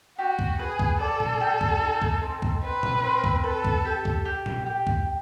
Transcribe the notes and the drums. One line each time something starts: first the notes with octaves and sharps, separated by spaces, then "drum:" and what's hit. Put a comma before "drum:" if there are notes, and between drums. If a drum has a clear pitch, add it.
F#4 G4
drum: kick D2
G#4 B4
drum: kick D2
A4 D5
drum: tom A#2
G4
drum: kick D2
D#4
drum: kick D2
C4
drum: kick D2
C4 B4
drum: tom
C4
drum: kick D2
A4 B4
drum: kick D2
G4
drum: kick D2
G4
drum: tom
G4
drum: kick D2